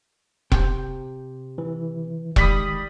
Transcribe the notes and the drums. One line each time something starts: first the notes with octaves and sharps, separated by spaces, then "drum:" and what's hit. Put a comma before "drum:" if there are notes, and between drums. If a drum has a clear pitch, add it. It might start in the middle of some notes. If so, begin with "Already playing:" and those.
C3 G5, drum: kick E1
E3
D#3 G3 G#3 B5 D#6, drum: kick E1